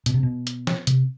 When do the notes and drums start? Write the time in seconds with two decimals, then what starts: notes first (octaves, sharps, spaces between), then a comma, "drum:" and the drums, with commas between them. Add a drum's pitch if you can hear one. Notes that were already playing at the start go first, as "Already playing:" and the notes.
0.06 B2, drum: hi-hat
0.14 C3
0.23 B2
0.47 drum: hi-hat
0.67 drum: snare
0.87 C3, drum: hi-hat